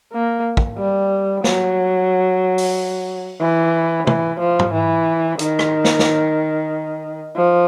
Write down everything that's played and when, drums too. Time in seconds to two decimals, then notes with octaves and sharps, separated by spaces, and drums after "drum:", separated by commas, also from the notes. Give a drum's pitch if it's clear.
0.13 A#3
0.57 drum: kick
0.78 G3
1.44 F#3, drum: snare
2.58 drum: open hi-hat
3.41 E3
4.07 E3, drum: tom
4.40 F3
4.59 drum: tom
4.73 E3
5.39 D#3, drum: hi-hat
5.59 drum: rim click
5.84 drum: snare
5.99 drum: snare
7.36 F3